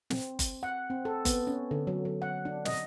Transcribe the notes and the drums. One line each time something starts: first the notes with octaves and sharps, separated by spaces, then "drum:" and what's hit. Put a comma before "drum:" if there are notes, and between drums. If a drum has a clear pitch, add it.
C4, drum: snare
drum: kick F#1, hi-hat
F#5
C4
A4
B3, drum: kick F#1, hi-hat
C#4
D3
F#3
F#3
F#5
D4
D#5, drum: snare